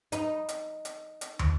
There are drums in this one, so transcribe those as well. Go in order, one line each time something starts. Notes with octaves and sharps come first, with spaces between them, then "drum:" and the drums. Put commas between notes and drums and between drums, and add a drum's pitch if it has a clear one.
D#4, drum: hi-hat
drum: hi-hat
drum: hi-hat
drum: hi-hat
drum: tom